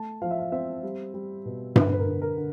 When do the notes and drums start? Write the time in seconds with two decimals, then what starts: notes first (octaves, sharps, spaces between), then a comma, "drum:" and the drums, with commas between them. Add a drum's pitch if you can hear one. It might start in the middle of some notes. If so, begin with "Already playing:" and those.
Already playing: A3 A5
0.22 F3 F5
0.31 E5
0.39 F5
0.52 C4 E5
0.83 G3
1.14 G3
1.45 B2
1.76 D3 B4, drum: tom G2
1.93 B4
1.99 A#4
2.07 D3
2.22 A#4
2.38 D3